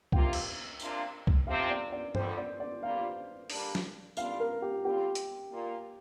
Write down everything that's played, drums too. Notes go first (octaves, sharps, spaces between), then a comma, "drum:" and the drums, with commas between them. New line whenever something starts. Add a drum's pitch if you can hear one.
D2 C3 A#3 F4 G5, drum: kick C2
drum: cymbal
C3 A#3 D4 F4, drum: tambourine
drum: kick C2
C3 F3 C4 F5
D5
D5
F2 D3 G3 C5, drum: tom G2
D5
D5
A#2 G3 A#3 F4 F5
D3 G3 A#3 D4, drum: open hi-hat
drum: snare
D3 G3 D4 F4 F5, drum: tambourine
A#4
G4
D3 G3 C4 F4 G4
drum: hi-hat
A#2 A#3 F4